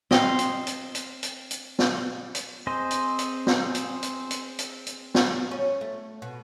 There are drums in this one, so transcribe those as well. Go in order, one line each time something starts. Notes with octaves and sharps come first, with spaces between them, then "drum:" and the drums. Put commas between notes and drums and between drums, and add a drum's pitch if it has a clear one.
C4 D#5 F5, drum: snare
drum: hi-hat
drum: hi-hat
drum: hi-hat
drum: hi-hat
drum: hi-hat
drum: snare
drum: hi-hat
C4 G#4 C5 D#5
drum: hi-hat
drum: hi-hat
drum: snare
drum: hi-hat
drum: hi-hat
drum: hi-hat
drum: hi-hat
drum: hi-hat
drum: snare
C#4
A3
B2